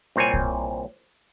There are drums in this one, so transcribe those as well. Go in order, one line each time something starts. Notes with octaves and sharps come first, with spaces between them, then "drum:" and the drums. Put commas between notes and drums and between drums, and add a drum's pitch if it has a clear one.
C2 A#2 C4 C#5 G#5
drum: kick